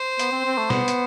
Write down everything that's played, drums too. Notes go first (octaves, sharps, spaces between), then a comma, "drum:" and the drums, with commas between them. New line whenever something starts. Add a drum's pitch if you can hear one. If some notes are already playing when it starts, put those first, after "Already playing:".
Already playing: C5
B3, drum: hi-hat
C4
C4
A3
B3, drum: snare
drum: hi-hat